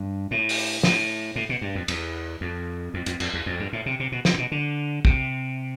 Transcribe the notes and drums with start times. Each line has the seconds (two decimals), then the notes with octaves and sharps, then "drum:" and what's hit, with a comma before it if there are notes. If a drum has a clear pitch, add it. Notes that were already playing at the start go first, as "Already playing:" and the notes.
Already playing: G2
0.31 A2
0.49 drum: open hi-hat
0.83 A2, drum: snare
1.36 A2
1.49 B2
1.61 G2
1.75 F2
1.88 E2, drum: cymbal
2.41 F2
2.94 F2
3.06 F2, drum: hi-hat
3.20 F2, drum: cymbal
3.33 E2
3.46 F2
3.60 G2
3.73 A2
3.86 C3
4.00 C3
4.12 B2
4.25 C3, drum: snare
4.34 A2
4.38 B2
4.52 D3
5.05 C3, drum: kick